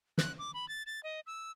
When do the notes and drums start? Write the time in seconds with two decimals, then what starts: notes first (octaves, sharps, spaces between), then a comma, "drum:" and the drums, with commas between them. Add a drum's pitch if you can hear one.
0.18 F#6, drum: snare
0.38 D6
0.54 B5
0.68 A6
0.86 A6
1.03 D#5
1.26 E6